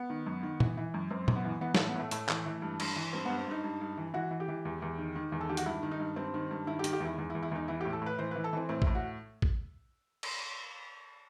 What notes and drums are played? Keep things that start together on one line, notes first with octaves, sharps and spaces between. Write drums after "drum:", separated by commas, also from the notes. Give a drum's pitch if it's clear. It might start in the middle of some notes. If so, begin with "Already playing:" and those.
Already playing: B3
D#3
F#2
D#3
E3, drum: tom A#2
E3
F#2
F#2 C4
F#2, drum: tom A#2
B3
E3
E3 B3
A3, drum: snare
A2
B3
A2 A3
A2 A3, drum: hi-hat
E3, drum: clap
E3
G2
G2, drum: cymbal
E3
G2 C4
B3
G2
C4
G2 D#4
G2
G2
E3
E3 F#4
E3
G4
E3
E2
E2
D#3
D#3
E2
A4
D#3 G4
F#4, drum: hi-hat
G2 E4
D#3
D#4
G2
G2 C4
D#3
G2
D#3 E4
G4
D#3, drum: hi-hat
G4
E2
E4
E2
E4
E2
E4
E2 D#4
E3 E4
G4
A2
A4
A2 B4
E3 C5
B4
E3
A4
E3 C4
A2 C4
E4, drum: kick
A2
F#4
drum: kick
drum: cymbal